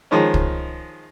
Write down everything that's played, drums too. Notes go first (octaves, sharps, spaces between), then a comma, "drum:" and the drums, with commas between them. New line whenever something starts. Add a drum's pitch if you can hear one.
D#3 F3 G#3 C#4
drum: kick